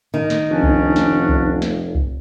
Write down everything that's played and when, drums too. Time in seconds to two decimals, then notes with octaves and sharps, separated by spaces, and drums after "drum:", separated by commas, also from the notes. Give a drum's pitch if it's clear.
0.14 D#3
0.30 drum: snare
0.50 F1 C#4 D4
0.63 drum: kick C2
0.96 drum: snare
1.29 drum: kick C2
1.62 drum: snare
1.95 drum: kick C2